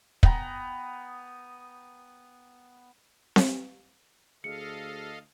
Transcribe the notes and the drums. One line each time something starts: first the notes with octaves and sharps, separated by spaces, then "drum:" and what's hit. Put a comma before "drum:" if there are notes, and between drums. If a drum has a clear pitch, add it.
B3 G5 A#5, drum: kick
drum: snare C4
D2 G#4 A4 D#5 F5 C#7